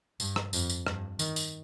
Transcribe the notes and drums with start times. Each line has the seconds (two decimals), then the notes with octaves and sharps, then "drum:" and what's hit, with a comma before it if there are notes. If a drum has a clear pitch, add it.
0.20 G2, drum: tambourine
0.36 drum: rim click
0.53 F2, drum: tambourine
0.70 drum: tambourine
0.87 G2, drum: rim click
1.19 D#3, drum: tambourine
1.36 drum: tambourine